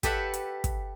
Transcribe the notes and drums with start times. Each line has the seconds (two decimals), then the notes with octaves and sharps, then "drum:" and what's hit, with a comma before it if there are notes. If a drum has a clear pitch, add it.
0.03 G4 A4 B4 E5 F#5, drum: kick, hi-hat
0.34 drum: hi-hat
0.64 drum: kick, hi-hat